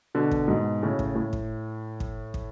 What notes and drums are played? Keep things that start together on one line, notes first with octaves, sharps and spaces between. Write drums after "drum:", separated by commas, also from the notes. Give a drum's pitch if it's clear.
B2 D3
drum: kick
G#2 B2
A2 C#3
drum: kick
A2
drum: kick
drum: kick
drum: kick